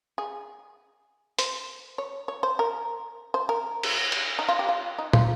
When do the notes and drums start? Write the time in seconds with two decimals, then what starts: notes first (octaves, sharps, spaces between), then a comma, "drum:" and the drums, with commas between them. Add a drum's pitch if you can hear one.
0.18 G#4
1.39 C5, drum: hi-hat
1.98 C#5
2.28 C#5
2.43 C5
2.59 A#4
3.34 C5
3.49 A#4
3.83 drum: cymbal
4.12 drum: cymbal
4.39 D#4
4.49 F4
4.59 G4
4.69 F4
4.98 D#4
5.13 F4, drum: tom